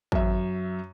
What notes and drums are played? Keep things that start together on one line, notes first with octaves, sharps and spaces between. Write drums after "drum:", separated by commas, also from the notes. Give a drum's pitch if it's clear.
F#2 E5, drum: kick